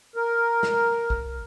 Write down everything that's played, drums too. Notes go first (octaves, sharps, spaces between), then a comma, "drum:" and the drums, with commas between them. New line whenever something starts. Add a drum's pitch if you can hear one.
A#4
drum: snare
drum: kick